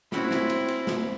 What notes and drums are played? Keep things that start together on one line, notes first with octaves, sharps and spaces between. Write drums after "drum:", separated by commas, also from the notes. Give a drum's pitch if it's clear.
G3 C4 C#4 E4 F#4, drum: snare
drum: snare
drum: cymbal
drum: cymbal
drum: snare